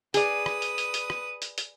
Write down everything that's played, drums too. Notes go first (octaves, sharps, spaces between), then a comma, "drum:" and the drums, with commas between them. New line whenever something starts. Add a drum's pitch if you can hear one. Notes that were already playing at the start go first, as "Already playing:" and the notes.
G#4 B4 D5 D#6, drum: hi-hat
drum: rim click
drum: hi-hat
drum: hi-hat
drum: hi-hat
drum: rim click
drum: hi-hat
drum: hi-hat